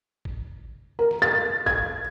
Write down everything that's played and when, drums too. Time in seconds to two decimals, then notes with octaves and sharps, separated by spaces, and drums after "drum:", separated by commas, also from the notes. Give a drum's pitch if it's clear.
0.25 drum: kick
0.99 A#4
1.11 drum: snare
1.22 A6
1.66 G#6, drum: kick